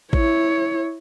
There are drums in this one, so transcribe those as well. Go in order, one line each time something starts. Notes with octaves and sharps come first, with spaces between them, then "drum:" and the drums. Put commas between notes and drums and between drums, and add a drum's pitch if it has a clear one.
E4 C#5, drum: kick A1